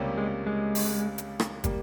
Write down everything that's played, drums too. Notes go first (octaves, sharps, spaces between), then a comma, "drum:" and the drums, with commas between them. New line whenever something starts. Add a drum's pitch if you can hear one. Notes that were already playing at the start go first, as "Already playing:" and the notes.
Already playing: C#2 C3 G3 A#3 C#4
G#3
G#3
drum: open hi-hat
drum: hi-hat
drum: rim click
G3 A#3, drum: kick, hi-hat